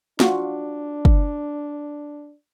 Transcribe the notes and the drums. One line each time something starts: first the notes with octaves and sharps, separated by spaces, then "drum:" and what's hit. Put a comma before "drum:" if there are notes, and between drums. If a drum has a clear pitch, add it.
D4 F4 F#4 C#6, drum: snare
drum: kick